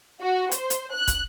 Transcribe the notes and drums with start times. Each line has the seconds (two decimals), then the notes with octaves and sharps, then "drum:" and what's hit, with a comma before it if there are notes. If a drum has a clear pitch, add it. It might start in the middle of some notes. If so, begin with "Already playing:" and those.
0.21 F#4
0.51 C5, drum: hi-hat
0.70 drum: hi-hat
0.93 F#6
1.08 drum: kick, hi-hat